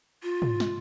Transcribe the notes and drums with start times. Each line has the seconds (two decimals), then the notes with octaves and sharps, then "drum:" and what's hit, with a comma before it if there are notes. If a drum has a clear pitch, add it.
0.23 F4
0.42 drum: tom
0.60 drum: snare